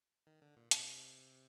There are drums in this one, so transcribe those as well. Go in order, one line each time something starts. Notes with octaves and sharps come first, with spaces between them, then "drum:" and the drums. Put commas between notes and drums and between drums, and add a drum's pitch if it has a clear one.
D#3
D3
A#2
C3, drum: hi-hat